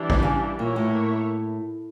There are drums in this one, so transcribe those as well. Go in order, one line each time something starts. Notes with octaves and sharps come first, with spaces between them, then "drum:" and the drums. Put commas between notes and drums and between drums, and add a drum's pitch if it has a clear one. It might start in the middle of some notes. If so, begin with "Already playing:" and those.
Already playing: E3 G3 D4
drum: kick A1
C#3
A#2 A#3 E4 A#4 C#5
A2